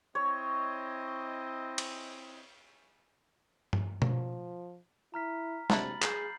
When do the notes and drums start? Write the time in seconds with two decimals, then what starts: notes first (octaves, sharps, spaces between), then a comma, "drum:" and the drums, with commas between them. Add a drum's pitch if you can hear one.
0.15 C4 E4 C#5 D#5
1.78 drum: cymbal
3.73 drum: tom G2
4.02 F3, drum: tom B2
5.14 E4 A#5 F6 B6
5.70 C3 F#3 D4 E4 B5 A6 F#7, drum: snare
6.02 G#4 G6 C7, drum: clap